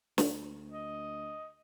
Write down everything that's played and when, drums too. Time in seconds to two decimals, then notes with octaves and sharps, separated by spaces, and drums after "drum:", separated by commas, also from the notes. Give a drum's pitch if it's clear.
0.18 D2, drum: snare
0.72 D#5